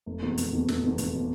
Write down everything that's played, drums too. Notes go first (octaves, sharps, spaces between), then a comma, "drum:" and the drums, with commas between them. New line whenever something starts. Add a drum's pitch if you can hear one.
F1
E2 B2
F1, drum: hi-hat
E2 B2
F1, drum: snare
E2 B2
F1, drum: hi-hat
B2